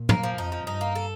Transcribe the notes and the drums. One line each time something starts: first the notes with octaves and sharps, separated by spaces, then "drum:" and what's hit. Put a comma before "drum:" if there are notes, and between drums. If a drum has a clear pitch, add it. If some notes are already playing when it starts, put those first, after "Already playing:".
Already playing: A#2
A#3, drum: tom
F3
F2 D#4
F3
G2 D#4
A#3
A4